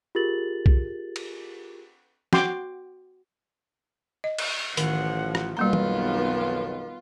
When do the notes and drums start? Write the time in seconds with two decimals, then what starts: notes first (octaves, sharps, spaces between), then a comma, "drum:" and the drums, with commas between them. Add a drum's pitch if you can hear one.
0.15 F4 G4 G#4 A#4 A6 F#7
0.66 drum: kick B1
1.16 drum: cymbal
2.33 F#4 G5 C6 D6, drum: snare
4.24 D#5
4.39 drum: cymbal
4.77 A1 D#3 F3 F#5, drum: hi-hat
5.35 drum: rim click
5.57 B1 F2 D#3 G3 A#3 B3 F4 A#5
5.73 drum: tom